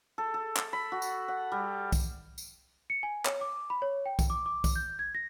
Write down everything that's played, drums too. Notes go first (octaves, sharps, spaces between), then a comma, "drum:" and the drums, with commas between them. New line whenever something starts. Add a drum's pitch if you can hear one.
A4
A4
drum: clap
B5
F#4
drum: tambourine
F#5
G3
drum: kick B1, tambourine
drum: tambourine
C#7
G#5
C#5, drum: clap
D6
B5
C#5
G5
drum: kick B1, tambourine
D6
D6
drum: kick B1, tambourine
G6
G#6
A#6